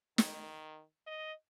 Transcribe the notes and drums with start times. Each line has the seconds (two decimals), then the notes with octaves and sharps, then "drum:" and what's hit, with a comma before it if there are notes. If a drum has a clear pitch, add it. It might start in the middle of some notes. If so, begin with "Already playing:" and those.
0.18 D#3, drum: snare
1.07 D#5